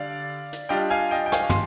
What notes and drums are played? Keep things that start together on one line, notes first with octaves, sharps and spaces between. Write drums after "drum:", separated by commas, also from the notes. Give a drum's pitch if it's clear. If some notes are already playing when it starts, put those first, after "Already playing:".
Already playing: D3 G3 D5 F5
drum: hi-hat
G3 D4 F4 D#5 G5
F5 G#5
D#5 G5
G5
F5 G#5, drum: rim click
C6, drum: tom